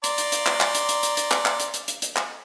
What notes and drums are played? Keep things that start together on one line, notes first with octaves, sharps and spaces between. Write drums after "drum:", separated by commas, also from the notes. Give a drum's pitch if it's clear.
D5 A#5 C6, drum: hi-hat
drum: hi-hat
drum: hi-hat
drum: clap
drum: clap
drum: hi-hat
drum: hi-hat
drum: hi-hat
drum: hi-hat
drum: clap
drum: clap
drum: hi-hat
drum: hi-hat
drum: hi-hat
drum: hi-hat
drum: clap